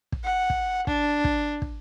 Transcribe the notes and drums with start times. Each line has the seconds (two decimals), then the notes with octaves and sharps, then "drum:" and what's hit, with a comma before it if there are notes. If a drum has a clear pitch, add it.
0.12 drum: kick
0.24 F#5
0.50 drum: kick
0.87 D4, drum: kick
1.24 drum: kick
1.62 drum: kick